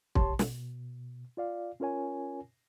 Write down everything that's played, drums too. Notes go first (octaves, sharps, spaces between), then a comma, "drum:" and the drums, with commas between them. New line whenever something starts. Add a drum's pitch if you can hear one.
G4 C#5 A5 C6, drum: kick
B2, drum: snare
F4 D5 F5
C#4 F4 A#4 C#5 G#5